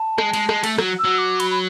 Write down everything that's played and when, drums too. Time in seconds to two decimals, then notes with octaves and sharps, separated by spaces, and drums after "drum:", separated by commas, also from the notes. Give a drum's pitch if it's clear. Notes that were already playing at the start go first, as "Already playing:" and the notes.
Already playing: A5
0.18 G#3, drum: rim click
0.34 G#3, drum: cymbal
0.49 G#3, drum: rim click
0.64 A3, drum: cymbal
0.78 F#3, drum: rim click
0.99 E6
1.04 F#3
1.18 D6
1.40 B5, drum: cymbal
1.51 B5